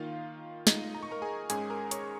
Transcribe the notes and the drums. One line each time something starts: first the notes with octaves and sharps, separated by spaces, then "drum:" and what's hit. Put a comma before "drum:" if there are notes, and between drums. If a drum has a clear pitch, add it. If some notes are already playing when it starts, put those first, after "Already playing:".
Already playing: D#3 A#3 D#4 F4 F5
D#4 D#5, drum: snare
A#5
C#6
A#4 A#5
G#4 G#5
G#2 G#3 C#4 G#4 G#5, drum: hi-hat
A#4 A#5
C#5 C#6, drum: hi-hat